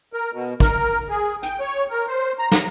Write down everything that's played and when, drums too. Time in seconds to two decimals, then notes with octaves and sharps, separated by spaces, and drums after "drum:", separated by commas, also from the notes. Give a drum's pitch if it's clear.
0.13 A#4
0.33 B2
0.60 A#4, drum: kick
1.09 G#4
1.43 G5, drum: hi-hat
1.60 C#5
1.90 A#4
2.08 C5
2.39 A#5
2.52 A#5, drum: snare